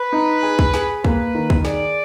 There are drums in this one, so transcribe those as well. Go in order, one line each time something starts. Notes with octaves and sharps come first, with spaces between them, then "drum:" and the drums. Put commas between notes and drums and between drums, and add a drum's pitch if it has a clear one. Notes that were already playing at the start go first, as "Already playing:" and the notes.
Already playing: B4
D#4
G#4
drum: kick
G#4, drum: snare
A#3 B4, drum: kick
D#3
drum: kick
G#4 D5, drum: snare